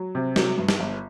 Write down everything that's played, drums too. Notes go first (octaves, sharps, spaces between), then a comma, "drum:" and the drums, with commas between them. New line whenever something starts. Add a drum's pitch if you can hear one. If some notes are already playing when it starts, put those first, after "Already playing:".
Already playing: F#3
C3
F#3, drum: snare
G2
drum: snare
G1